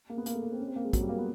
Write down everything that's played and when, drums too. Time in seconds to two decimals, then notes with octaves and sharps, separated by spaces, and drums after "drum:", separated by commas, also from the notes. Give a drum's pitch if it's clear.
0.10 A#3
0.17 B3
0.26 A#3, drum: hi-hat
0.35 A3
0.43 A#3
0.52 C4
0.59 C#4
0.68 C4
0.76 A#3
0.84 G#3
0.93 F#3, drum: kick, hi-hat
1.01 G3
1.09 A#3
1.18 B3